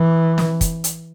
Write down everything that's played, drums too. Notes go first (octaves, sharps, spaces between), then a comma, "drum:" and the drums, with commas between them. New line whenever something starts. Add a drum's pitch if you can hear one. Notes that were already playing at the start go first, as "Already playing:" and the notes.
Already playing: E3
drum: snare
drum: kick, hi-hat
drum: hi-hat